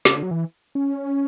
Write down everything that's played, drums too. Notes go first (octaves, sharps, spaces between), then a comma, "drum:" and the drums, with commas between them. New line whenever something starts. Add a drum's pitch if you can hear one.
C#3, drum: snare
D3
F#3
E3
C#4